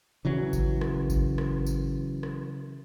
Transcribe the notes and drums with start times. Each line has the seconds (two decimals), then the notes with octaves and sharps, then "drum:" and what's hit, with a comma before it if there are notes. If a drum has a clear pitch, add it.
0.25 C#3 E3 F#3
0.53 drum: kick G#1, tambourine
0.81 drum: rim click
1.10 drum: kick G#1, tambourine
1.38 drum: rim click
1.66 drum: tambourine
2.23 drum: rim click